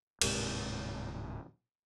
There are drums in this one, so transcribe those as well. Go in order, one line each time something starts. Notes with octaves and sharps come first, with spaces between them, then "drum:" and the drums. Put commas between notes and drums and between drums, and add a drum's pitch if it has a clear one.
D1 G#2 C3, drum: cymbal